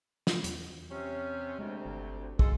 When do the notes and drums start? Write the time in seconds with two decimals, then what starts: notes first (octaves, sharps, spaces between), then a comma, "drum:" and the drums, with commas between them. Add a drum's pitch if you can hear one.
0.27 drum: snare
0.44 E2, drum: hi-hat
0.90 C3 C#4
1.59 D2 C3 G#3
1.86 G1
2.39 E1 G#3 F4 A4, drum: kick